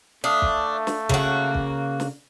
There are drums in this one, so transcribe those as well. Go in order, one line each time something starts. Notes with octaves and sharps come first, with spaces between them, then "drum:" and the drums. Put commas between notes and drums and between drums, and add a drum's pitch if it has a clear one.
A3 D4 E5 F5 D#6
drum: kick
drum: snare
C#3 A#3 F#4, drum: kick
drum: kick
drum: snare